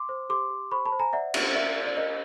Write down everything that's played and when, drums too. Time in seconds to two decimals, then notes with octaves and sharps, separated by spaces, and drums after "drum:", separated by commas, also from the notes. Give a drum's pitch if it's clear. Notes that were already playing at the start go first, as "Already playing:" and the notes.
Already playing: C6 D6
0.09 C5
0.29 G4 C6 D6
0.50 G4
0.71 C5 B5 C#6
0.85 A5 B5
0.92 C5
1.00 G#5 A#5
1.13 D5 E5 F#5
1.34 G4, drum: cymbal
1.55 A#4 D5 E5
1.76 D5
1.87 D5
1.97 A#4 D#5